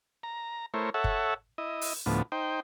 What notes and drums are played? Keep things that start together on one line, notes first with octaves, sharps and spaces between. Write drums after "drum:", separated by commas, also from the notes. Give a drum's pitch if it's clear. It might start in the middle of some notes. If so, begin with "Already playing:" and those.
A#5
A3 E4 A#4 C5 C#5
A4 C#5 E5 F#5
drum: kick F#1
E4 D#5
drum: open hi-hat
D2 A2 F3 B3
D#4 C5 G5